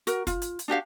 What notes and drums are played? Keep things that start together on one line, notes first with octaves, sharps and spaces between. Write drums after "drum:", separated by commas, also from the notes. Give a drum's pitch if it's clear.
F#4 A#4, drum: hi-hat
F4, drum: kick, hi-hat
drum: hi-hat
drum: hi-hat
D4 F#4 G4 F5